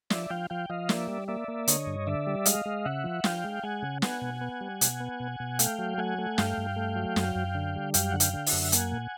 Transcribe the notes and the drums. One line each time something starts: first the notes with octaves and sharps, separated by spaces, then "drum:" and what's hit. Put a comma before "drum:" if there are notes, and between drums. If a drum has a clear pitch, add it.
F3 D5 E5, drum: snare
F3 F5 G5
F3 F5 G5
F3 D#5 F5
A#3 D5 E5, drum: snare
G3
A#3 D5 E5
A#3
D3 C#5 D#5, drum: hi-hat
G2
D3 D5 E5
G3
G#3 D#5 F5, drum: hi-hat
G#3
C#3 E5 F#5
F3
F3 F5 G5, drum: snare
G#3
G#3 F#5 G#5
C#3
B3 F#5 G#5, drum: snare
B2
B3
G3
B2, drum: hi-hat
B3
B2
B2
A3 F5 G5, drum: hi-hat
F#3
A3 F#5 G#5
A3
G2 F5 G5, drum: snare
G2
A3
F#3
F#2, drum: snare
F#2
D3
G3
F#2 F5 G5, drum: hi-hat
D3 F#5
F5 G5, drum: hi-hat
D3
E5 F#5, drum: open hi-hat
F#2
A#3 F#5 G#5, drum: hi-hat
A#2